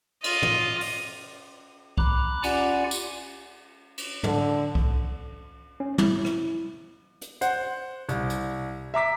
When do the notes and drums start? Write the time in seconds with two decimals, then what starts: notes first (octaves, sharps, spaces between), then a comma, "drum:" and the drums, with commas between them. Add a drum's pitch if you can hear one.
0.24 F4 D#5, drum: cymbal
0.42 drum: tom
0.81 drum: open hi-hat
1.98 A#5 B5 D6 F#6, drum: kick C2
2.43 C#4 F4 G4 D5 F#5 G#5, drum: cymbal
2.91 drum: tambourine
3.98 drum: cymbal
4.23 D3, drum: tom
4.75 drum: kick C2
5.80 C#4
5.98 E4, drum: tom
6.25 drum: rim click
7.22 drum: hi-hat
7.41 C5 F#5, drum: hi-hat
8.09 C2, drum: hi-hat
8.30 drum: hi-hat
8.94 E5 A#5 D6 B6